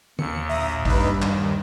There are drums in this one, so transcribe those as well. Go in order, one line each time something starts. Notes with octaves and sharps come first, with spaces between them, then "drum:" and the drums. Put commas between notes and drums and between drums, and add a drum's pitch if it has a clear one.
D#2 C#7, drum: tom D3
A#1 E5 A#5 D#6
G2 G3 D#4 B4, drum: kick G#1
D#2 D#3, drum: clap